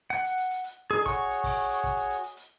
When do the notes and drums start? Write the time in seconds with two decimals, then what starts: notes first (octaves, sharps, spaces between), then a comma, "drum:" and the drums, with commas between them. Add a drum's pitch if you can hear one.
0.10 F#5, drum: hi-hat
0.24 drum: hi-hat
0.37 drum: hi-hat
0.51 drum: hi-hat
0.64 drum: hi-hat
0.91 D4 D#4 G#4 A4
1.06 F#4 G#4 C#5 C#6, drum: kick, hi-hat
1.30 drum: hi-hat
1.44 drum: kick, open hi-hat
1.70 drum: hi-hat
1.84 drum: kick, hi-hat
1.97 drum: hi-hat
2.10 drum: hi-hat
2.23 drum: hi-hat
2.37 drum: hi-hat